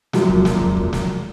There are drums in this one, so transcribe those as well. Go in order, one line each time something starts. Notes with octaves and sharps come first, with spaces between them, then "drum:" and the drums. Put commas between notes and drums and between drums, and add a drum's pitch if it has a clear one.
F#2 A#2 F3 F#3 G#3, drum: snare
drum: kick
drum: snare
drum: kick
drum: kick
drum: snare